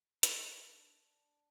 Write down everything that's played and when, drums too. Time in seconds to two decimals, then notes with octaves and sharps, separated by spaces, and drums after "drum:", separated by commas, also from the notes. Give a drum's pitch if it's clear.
0.23 D4, drum: hi-hat